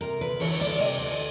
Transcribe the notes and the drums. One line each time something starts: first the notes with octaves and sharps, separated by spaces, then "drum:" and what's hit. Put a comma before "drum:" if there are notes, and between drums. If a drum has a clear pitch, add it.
C3 A#4
D2 B4
E3 C#5, drum: cymbal
D2 D5
C3 D#5
D2